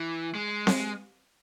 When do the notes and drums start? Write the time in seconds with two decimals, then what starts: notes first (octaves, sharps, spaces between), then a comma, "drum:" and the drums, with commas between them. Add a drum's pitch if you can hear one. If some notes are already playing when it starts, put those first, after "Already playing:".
Already playing: E3
0.35 G#3
0.67 drum: snare C4